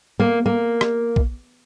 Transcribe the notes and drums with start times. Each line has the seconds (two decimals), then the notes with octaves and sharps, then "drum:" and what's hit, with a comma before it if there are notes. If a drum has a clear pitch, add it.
0.20 A#3
0.46 A#3
0.81 drum: rim click
1.16 drum: kick